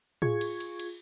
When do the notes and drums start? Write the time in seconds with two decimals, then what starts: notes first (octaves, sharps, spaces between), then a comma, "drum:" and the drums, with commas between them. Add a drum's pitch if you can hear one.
0.22 F4 G#4 C#6 G#6, drum: tom A2
0.41 drum: cymbal
0.60 drum: cymbal
0.79 drum: cymbal